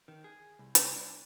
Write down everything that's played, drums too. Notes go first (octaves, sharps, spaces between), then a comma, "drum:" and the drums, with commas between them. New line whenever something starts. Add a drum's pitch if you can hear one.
D#3
G#4
C2
drum: hi-hat
D4